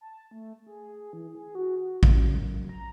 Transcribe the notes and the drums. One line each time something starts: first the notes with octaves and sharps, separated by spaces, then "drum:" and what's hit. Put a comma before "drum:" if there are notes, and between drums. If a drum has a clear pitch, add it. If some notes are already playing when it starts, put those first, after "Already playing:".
A5
A3
G#4
E3
G#4
F#4
F#4
F#2, drum: kick A1
A#5